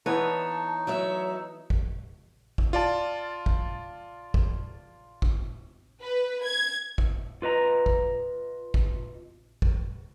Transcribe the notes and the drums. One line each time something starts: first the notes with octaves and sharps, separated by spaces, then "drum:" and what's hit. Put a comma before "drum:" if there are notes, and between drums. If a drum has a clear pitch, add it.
E3 B3 D#4 C#5 A5
F#3 A3 C#5 E5
drum: kick
drum: kick
F4 D5 A5
drum: kick
drum: kick
drum: kick
B4
G#6
drum: kick
F4 B4 D#5 A#5
drum: kick
drum: kick
drum: kick